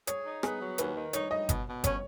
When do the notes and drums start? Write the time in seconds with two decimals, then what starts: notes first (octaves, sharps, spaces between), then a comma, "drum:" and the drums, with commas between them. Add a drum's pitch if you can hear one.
0.07 G#4 C#5, drum: hi-hat
0.25 D#4
0.43 B3 G#4, drum: rim click
0.61 F#3
0.78 D#2 B4, drum: hi-hat
0.96 D#3
1.13 D#4 C#5, drum: hi-hat
1.31 D#4 D#5
1.49 B2, drum: kick G1, hi-hat
1.66 B2
1.84 C#4 C#5, drum: kick G1, hi-hat